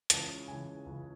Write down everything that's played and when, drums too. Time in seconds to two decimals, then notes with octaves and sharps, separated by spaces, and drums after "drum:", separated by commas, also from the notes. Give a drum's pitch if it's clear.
0.10 C#2 C#3 E3 A5, drum: hi-hat
0.48 C#2 C#3 E3 G#5
0.86 C#2 C#3 E3